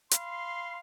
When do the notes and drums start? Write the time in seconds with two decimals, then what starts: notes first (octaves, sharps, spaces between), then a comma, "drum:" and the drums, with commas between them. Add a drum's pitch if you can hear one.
0.11 F5 B5 C6, drum: hi-hat